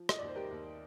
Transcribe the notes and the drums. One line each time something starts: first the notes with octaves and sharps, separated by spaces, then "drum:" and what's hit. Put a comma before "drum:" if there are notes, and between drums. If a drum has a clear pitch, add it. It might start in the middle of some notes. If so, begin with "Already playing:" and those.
Already playing: F3
D#5, drum: rim click
D#2 D5
C5
G4 A#4
D#2